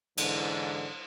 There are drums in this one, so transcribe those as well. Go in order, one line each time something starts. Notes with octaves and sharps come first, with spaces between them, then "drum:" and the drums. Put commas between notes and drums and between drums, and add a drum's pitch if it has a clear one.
G#2 D3 E3, drum: cymbal